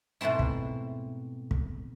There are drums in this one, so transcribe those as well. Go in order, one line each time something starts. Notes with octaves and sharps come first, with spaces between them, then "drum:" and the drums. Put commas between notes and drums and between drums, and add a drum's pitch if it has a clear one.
G#2 B2 A3 C4 E4
drum: kick
drum: kick